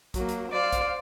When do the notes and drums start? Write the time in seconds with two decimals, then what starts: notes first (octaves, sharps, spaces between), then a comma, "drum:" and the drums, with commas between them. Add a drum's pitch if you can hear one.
0.14 F#3 A#3, drum: kick A#1, hi-hat
0.29 drum: hi-hat
0.52 C5 D5 F5
0.72 drum: kick A#1, hi-hat